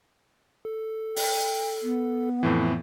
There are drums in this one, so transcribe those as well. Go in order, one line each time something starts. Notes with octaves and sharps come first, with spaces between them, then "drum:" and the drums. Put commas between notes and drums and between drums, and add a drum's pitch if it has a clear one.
A4
G5, drum: open hi-hat
B3
F2 A2 E3